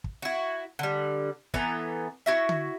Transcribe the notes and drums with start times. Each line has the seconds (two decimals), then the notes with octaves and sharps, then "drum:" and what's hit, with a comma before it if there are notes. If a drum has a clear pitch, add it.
0.04 drum: kick
0.22 E4 F#4
0.79 D3 G3
1.54 E3 B3 A4 A#5, drum: kick
2.26 E4 F#4 E5
2.49 drum: tom D3